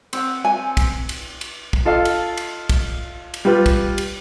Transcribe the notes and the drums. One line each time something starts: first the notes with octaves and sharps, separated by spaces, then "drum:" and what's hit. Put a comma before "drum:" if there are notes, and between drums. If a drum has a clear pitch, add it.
C4 F#5, drum: cymbal
G#5
drum: kick, cymbal
drum: cymbal
drum: cymbal
drum: kick
F4 A4 D#5 F5
drum: cymbal
drum: cymbal
drum: kick, cymbal
drum: cymbal
G3 F4 B4
drum: kick, cymbal
drum: cymbal